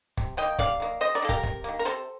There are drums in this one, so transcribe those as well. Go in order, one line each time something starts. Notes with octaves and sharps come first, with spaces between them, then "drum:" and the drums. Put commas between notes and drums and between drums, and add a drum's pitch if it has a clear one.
C3, drum: kick
D#3 A#3 D#5 G5
C3 D5 F5, drum: kick
D#3 A#3
C3 C5 D#5
A#4 D5
D#3 A#3 A4
G4 A#4, drum: kick
C3, drum: kick
D#3 A#3
A#4
C3 A4 C5